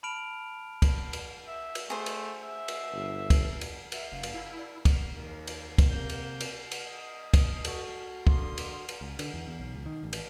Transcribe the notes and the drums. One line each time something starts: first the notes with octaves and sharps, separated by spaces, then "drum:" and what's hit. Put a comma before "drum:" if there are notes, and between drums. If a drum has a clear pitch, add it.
A5 B5 F6 D7 F7
drum: kick, cymbal
drum: cymbal
E5
drum: cymbal
A3 G#4 C5
drum: cymbal
E5
drum: cymbal
G1
drum: kick, cymbal
drum: cymbal
E5, drum: cymbal
F#1 F5
drum: cymbal
E4
D5
drum: kick, cymbal
D#2
drum: cymbal
drum: kick, cymbal
C3 A#3 G6
drum: cymbal
drum: cymbal
drum: cymbal
D#5
drum: kick, cymbal
F#4 A4, drum: cymbal
D3 A#3 C6 D#6, drum: kick
drum: cymbal
drum: cymbal
C#2
D3, drum: cymbal
E2
E2
B1
C#2
D#3
A1
drum: cymbal